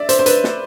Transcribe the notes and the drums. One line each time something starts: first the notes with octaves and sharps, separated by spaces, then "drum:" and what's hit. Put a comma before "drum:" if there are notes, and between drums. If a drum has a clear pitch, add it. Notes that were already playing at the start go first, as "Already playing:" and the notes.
Already playing: D5 E5
C5, drum: hi-hat
C5
B4, drum: hi-hat
drum: snare